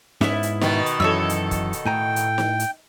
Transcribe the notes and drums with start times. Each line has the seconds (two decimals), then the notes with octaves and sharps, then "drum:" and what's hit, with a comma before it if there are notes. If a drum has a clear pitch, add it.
0.21 G#2 B3 C#4 E4 E5, drum: snare
0.43 drum: hi-hat
0.61 B2 D#3, drum: snare
0.86 drum: hi-hat
1.00 F#2 E3 A4 C#5 E6
1.29 drum: hi-hat
1.51 drum: kick, hi-hat
1.73 drum: hi-hat
1.85 A2 G5 G#5 A#5
2.16 drum: hi-hat
2.38 drum: snare
2.59 drum: hi-hat